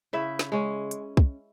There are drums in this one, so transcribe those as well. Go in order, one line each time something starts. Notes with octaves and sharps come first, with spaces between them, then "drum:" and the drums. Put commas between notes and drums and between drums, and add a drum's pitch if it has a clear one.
C#3 E4 E5
drum: snare
G#3 C#4
drum: hi-hat
drum: kick